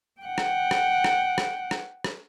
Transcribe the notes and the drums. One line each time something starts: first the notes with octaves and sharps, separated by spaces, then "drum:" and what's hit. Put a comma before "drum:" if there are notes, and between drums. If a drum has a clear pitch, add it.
F#5 G5
drum: rim click
drum: rim click
drum: rim click
drum: rim click
drum: rim click
drum: rim click